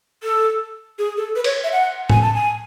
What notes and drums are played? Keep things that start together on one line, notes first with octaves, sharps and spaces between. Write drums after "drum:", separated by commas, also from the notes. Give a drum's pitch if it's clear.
A4
G#4
A4
B4
C#5, drum: cymbal
E5
F#5
G#5, drum: tom A2
A5
G#5